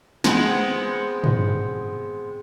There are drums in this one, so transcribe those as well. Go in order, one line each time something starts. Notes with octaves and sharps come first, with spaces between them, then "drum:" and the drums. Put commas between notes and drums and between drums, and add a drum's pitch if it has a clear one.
G#3 B3 C4, drum: snare
drum: tom